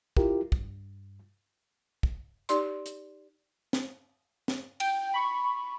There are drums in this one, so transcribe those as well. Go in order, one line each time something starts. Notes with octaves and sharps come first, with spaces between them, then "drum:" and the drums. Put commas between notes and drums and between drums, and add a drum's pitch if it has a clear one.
E4 F4 G4 A#4, drum: kick
G2, drum: kick
drum: kick
D#4 G4 D5 C6, drum: hi-hat
drum: hi-hat
drum: snare
drum: snare
G5, drum: cymbal
B5 C#6